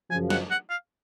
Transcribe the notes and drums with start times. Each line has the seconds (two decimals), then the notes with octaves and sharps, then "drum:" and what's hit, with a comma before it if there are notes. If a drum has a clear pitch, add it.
0.10 F#2 C#3 F3 G#5
0.30 F#5, drum: snare
0.51 F#5
0.70 F5